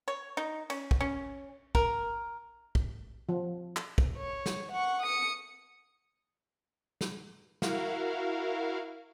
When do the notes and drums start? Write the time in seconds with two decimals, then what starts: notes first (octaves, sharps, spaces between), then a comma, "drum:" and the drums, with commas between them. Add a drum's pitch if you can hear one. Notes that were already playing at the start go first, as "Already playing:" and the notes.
0.08 C#5
0.37 D#4
0.70 C#4, drum: cymbal
0.91 drum: kick
1.01 C#4
1.75 A#4, drum: kick
2.75 drum: kick
3.29 F3
3.76 drum: clap
3.98 drum: kick
4.17 C#5
4.46 drum: snare
4.72 F#5 C#6
5.02 D#6 C#7
7.01 drum: snare
7.62 E4 F#4 A#4 F5, drum: snare